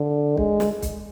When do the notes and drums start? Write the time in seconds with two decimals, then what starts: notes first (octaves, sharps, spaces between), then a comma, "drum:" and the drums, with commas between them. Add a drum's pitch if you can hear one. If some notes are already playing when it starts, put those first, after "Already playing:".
Already playing: D3
0.37 G#3, drum: kick
0.60 drum: snare
0.82 drum: kick, hi-hat